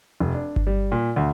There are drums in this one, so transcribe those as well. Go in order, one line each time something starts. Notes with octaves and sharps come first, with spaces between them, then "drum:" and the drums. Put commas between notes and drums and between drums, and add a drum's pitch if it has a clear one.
F1
D4
drum: kick G1
G3
A#2
D2